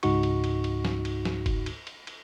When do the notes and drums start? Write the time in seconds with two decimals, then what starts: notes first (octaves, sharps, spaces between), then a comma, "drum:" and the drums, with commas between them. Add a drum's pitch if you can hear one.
0.03 C#2 G#2 D#4 F#4 C#6, drum: cymbal
0.23 drum: cymbal
0.44 drum: cymbal
0.64 drum: cymbal
0.85 drum: snare
1.05 drum: cymbal
1.25 drum: snare
1.46 drum: kick F#1, cymbal
1.66 drum: cymbal
1.87 drum: cymbal
2.07 drum: cymbal